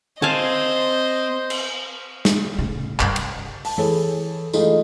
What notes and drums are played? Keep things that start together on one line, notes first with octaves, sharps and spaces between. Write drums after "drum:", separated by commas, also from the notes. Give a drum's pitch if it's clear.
C4 C5 D#5 F5 G#5 A5
drum: cymbal
drum: snare
A2 C#3
G2 C#3, drum: clap
drum: cymbal
A5, drum: open hi-hat
E3 G#4 A4 C#5
E3 G#3 A3 D#4 F4, drum: tambourine